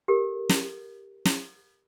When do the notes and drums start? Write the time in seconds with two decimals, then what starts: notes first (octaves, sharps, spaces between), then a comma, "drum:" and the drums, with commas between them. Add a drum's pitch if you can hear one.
0.08 G4 A4 A#4
0.49 drum: snare
1.25 drum: snare